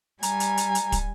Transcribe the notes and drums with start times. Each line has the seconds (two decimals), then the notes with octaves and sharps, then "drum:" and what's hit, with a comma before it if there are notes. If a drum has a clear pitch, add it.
0.23 G3 G#5 A#5, drum: hi-hat
0.40 drum: hi-hat
0.57 drum: hi-hat
0.75 drum: hi-hat
0.92 drum: kick, hi-hat